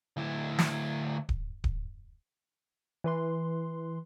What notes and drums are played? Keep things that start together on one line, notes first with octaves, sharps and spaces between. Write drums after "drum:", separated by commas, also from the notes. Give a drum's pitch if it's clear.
D2 E4
drum: snare
drum: kick D1
drum: kick D1
E3 B4 C6